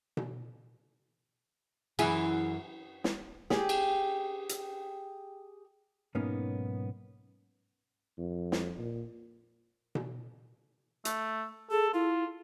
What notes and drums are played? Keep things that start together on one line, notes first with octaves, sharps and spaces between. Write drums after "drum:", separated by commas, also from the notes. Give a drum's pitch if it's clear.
drum: tom B2
F#2 E3 E4 G#4, drum: cymbal
drum: snare
G4 G#4, drum: snare
drum: cymbal
drum: hi-hat
B1 G#2 A#3 B3 C#4 D#4
F2
drum: snare
A#2
drum: tom B2
A3, drum: hi-hat
G#4 A4
E4 F4